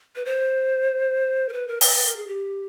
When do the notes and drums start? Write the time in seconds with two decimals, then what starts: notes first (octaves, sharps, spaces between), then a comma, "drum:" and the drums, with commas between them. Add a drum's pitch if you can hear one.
0.16 B4
0.25 C5
1.49 A#4
1.53 B4
1.68 A#4
1.81 B4, drum: open hi-hat
1.95 B4
2.06 A#4
2.16 G#4
2.27 G4